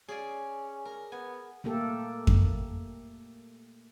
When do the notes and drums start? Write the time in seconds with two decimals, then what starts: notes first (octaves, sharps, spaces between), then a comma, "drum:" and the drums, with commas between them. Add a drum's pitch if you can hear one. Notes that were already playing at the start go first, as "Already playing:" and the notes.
0.09 C#4 G#4 D5 G#5
0.85 A#4
1.12 B3 G#5
1.64 A3 A#3 G4 A4
2.27 drum: kick F2